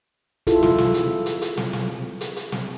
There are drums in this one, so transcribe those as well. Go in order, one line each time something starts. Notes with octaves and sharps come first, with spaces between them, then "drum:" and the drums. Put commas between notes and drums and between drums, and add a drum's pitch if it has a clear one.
E4 F4 A4, drum: hi-hat
drum: snare
drum: snare
drum: hi-hat
drum: hi-hat
drum: hi-hat
drum: snare
drum: snare
drum: hi-hat
drum: hi-hat
drum: snare